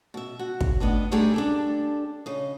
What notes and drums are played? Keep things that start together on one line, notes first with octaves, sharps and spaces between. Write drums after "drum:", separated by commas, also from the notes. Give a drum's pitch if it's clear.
B2 E5
F#4
drum: kick
A2 B3 D4 D#5
G3 A3 D4 D#4 G4 G#4
D4 G4 A4
C#3 D#5